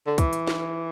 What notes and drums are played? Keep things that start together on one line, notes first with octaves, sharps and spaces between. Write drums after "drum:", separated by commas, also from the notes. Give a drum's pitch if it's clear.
D3
E3, drum: kick, hi-hat
drum: hi-hat
drum: snare